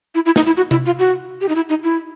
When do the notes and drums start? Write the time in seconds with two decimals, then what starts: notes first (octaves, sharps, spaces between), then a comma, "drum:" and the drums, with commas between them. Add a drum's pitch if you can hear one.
0.15 E4
0.26 E4
0.36 D#4, drum: snare
0.46 E4
0.57 F#4
0.71 E4, drum: tom C3
0.86 F4
0.99 F#4
1.41 G4
1.49 D#4
1.56 E4
1.69 D#4
1.84 E4